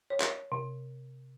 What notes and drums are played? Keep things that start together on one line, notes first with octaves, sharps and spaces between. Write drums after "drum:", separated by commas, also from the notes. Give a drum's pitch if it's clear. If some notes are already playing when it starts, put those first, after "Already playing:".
C#5
drum: clap
C3